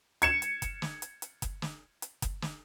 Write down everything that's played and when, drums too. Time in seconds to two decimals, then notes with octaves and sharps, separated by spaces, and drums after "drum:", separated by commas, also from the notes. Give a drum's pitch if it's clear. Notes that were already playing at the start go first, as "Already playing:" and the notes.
0.22 G#6 C#7 E7, drum: hi-hat
0.42 drum: hi-hat
0.62 drum: kick F#1, hi-hat
0.82 drum: snare
1.02 drum: hi-hat
1.22 drum: hi-hat
1.42 drum: kick F#1, hi-hat
1.62 drum: snare
2.02 drum: hi-hat
2.22 drum: kick F#1, hi-hat
2.42 drum: snare